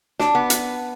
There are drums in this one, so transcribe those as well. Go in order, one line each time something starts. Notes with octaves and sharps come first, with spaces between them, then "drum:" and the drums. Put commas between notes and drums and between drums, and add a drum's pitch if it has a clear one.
D4, drum: snare
B3
drum: hi-hat